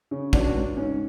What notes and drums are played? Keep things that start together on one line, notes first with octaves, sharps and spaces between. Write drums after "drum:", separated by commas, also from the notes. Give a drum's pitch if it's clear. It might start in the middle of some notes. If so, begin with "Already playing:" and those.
C#3
C#2 D4 F#4, drum: kick
C#2
G#2 C#4